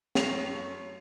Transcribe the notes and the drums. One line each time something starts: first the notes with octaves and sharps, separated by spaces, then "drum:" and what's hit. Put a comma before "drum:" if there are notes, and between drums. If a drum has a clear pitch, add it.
F#2 A3 C#5 A#6 C7 F7, drum: snare